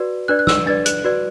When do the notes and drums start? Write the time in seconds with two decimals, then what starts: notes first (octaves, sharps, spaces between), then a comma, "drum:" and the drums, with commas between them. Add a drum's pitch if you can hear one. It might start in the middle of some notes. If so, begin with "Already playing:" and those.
Already playing: F#4 B4 D5
0.28 D4 B4 D5 F#6
0.39 F#6
0.47 E6, drum: snare
0.66 D4 B4 D5 A6
0.86 F#6, drum: hi-hat
1.04 F#4 B4 D5